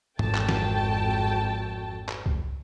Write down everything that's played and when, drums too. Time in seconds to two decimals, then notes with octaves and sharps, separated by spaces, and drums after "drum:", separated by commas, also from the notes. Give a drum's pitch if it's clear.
0.19 G#1 F2 F#4 A4 G5 A5, drum: tom
0.35 drum: clap
0.49 drum: snare
2.09 drum: clap
2.26 drum: kick C2